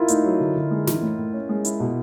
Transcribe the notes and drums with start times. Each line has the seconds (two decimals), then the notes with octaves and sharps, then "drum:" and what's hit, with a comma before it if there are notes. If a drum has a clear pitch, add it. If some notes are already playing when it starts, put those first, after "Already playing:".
Already playing: E4 F4 A#4
0.08 A3 D#4, drum: hi-hat
0.24 F#3
0.40 D3
0.56 D3
0.71 G#3
0.87 E3, drum: snare
1.02 A2
1.18 A2
1.33 C#4
1.49 G#3
1.65 E4, drum: hi-hat
1.80 B2